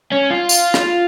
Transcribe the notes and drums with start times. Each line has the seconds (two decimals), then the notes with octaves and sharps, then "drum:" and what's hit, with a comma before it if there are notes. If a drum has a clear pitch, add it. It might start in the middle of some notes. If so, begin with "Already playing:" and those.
0.12 C#4
0.31 F4
0.49 drum: tambourine
0.74 drum: rim click